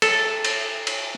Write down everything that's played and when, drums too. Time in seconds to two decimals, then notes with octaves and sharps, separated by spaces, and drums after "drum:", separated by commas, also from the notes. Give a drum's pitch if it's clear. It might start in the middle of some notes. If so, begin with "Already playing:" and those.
0.02 A4, drum: cymbal
0.45 drum: cymbal
0.87 drum: cymbal